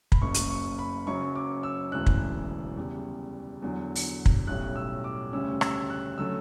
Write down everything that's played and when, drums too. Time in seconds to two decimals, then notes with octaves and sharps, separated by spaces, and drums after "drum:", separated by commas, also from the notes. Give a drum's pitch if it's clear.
0.12 B5, drum: kick
0.22 F#1 F#2 C#3 C#6
0.34 drum: hi-hat
0.50 C#6
0.79 B5
1.07 F#1 F#2 C#3 F#3 C#4 C#6
1.35 D6
1.63 E6
1.92 E1 D2 C#3 E3 F#6
2.06 drum: kick
2.77 E2 C#3 G3
3.62 E2 D3 F#3
3.95 drum: open hi-hat
4.26 drum: kick
4.47 B1 A2 G3 C#4 F#6
4.76 E6
5.04 D6
5.33 D2 C#3 G3 C#4 E6
5.61 E6, drum: rim click
5.90 F#6
6.18 D3 F#3 A3 C#4 E6